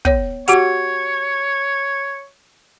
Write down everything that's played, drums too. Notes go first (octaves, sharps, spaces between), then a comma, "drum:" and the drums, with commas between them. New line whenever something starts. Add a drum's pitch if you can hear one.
B3 C#5, drum: kick
F#4 G4 C#5 F#5, drum: hi-hat